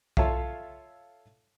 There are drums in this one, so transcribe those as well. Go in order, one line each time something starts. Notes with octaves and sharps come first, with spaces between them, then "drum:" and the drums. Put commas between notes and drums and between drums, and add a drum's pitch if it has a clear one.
F4 A4 C#5 E5 F5, drum: kick B1